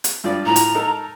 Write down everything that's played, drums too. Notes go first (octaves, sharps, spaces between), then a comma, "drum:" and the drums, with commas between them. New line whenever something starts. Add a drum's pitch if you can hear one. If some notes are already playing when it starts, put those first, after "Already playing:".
drum: hi-hat
G2 F3 D5
A2 F3 A#5
drum: hi-hat
D#4 A4 A#4